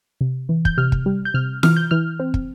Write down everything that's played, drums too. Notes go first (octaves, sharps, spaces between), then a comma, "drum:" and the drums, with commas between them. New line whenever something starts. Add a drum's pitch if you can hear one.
C3
E3
G6, drum: kick
C3 F6
drum: kick
G3
G6
C3 F6
E3 F6, drum: snare F4
G6
E3 F6
C4
drum: kick